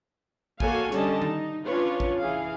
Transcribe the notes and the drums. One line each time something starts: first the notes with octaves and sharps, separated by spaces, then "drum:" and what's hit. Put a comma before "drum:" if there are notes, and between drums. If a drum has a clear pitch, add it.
A#3 F#4 A4 C#5 F5 G#5, drum: kick A1
D3 G3 C#4 D#5 A5, drum: hi-hat
D#4, drum: tom D#3
C#4 D4 F4 B4 C#5
drum: kick A1
E3 G#4 F5